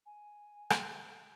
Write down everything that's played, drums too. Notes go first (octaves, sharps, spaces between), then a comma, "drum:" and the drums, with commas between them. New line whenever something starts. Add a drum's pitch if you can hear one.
G#5
drum: rim click